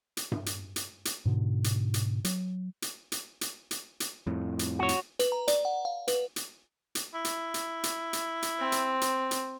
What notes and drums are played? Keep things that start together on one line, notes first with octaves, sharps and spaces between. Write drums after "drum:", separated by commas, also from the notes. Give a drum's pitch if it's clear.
drum: hi-hat
drum: tom G2
drum: hi-hat
drum: hi-hat
drum: hi-hat
G#2 B2 D3
drum: hi-hat
drum: hi-hat
F#3, drum: hi-hat
drum: hi-hat
drum: hi-hat
drum: hi-hat
drum: hi-hat
drum: hi-hat
F2 A2
drum: hi-hat
F#4 C#5
drum: hi-hat
B4, drum: hi-hat
A#5
D5, drum: hi-hat
F#5
F5
B4, drum: hi-hat
drum: hi-hat
drum: hi-hat
E4
drum: hi-hat
drum: hi-hat
drum: hi-hat
drum: hi-hat
drum: hi-hat
C4
drum: hi-hat
drum: hi-hat
drum: hi-hat